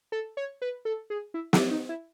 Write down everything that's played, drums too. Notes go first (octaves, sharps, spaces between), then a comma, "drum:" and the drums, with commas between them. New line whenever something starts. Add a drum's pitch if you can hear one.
A4
C#5
B4
A4
G#4
E4
E4, drum: snare
D#4
E4